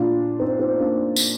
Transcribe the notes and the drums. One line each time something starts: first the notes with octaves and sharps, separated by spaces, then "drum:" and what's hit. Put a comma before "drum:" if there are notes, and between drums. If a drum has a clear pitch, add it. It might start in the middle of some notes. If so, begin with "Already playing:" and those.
Already playing: A#2 D4 F4
C4 D#4
C4 D#4
A#3 D4
drum: tambourine